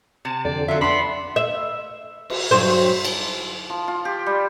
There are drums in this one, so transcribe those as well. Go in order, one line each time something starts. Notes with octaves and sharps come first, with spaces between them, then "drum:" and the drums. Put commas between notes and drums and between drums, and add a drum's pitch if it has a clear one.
C3 A5
F2 D3 D5
F#3 F4 E5
B3 D4 B5 C6
E5
drum: cymbal
G2 F#3 C5
drum: cymbal
F3
F4
G4
G3